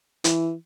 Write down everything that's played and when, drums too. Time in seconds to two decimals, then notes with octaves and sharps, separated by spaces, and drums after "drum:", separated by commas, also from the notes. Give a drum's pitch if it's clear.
0.24 E3, drum: hi-hat